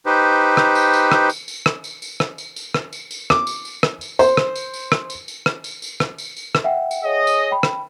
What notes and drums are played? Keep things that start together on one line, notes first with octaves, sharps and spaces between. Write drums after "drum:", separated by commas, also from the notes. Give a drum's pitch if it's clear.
D#4 G4 B4 C5
drum: rim click
drum: tambourine
drum: tambourine
drum: rim click
drum: tambourine
drum: tambourine
drum: rim click
drum: tambourine
drum: tambourine
drum: rim click
drum: tambourine
drum: tambourine
drum: rim click
drum: tambourine
drum: tambourine
D6, drum: rim click
drum: tambourine
drum: tambourine
drum: rim click
drum: tambourine
C5, drum: tambourine
drum: rim click
drum: tambourine
drum: tambourine
drum: rim click
drum: tambourine
drum: tambourine
drum: rim click
drum: tambourine
drum: tambourine
drum: rim click
drum: tambourine
drum: tambourine
drum: rim click
E5 F#5 G5
drum: tambourine
G#4 C#5 D#5
drum: tambourine
G5 B5
drum: rim click